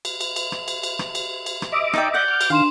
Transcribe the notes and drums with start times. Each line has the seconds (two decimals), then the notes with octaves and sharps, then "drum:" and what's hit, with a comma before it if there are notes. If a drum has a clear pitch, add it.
0.05 drum: cymbal
0.21 drum: cymbal
0.36 drum: cymbal
0.52 drum: rim click
0.68 drum: cymbal
0.83 drum: cymbal
0.99 drum: rim click
1.15 drum: cymbal
1.46 drum: cymbal
1.62 drum: rim click
1.72 D#5 E5 D6
1.93 D#4 D5 G5, drum: rim click
2.14 D5 F#5 G6
2.28 D6 F6
2.41 drum: cymbal
2.50 D#3 D4 F5 C6 E7